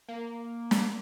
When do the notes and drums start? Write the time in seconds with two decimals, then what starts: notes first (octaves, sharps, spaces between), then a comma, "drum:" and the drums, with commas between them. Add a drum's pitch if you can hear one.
0.08 A#3
0.71 drum: snare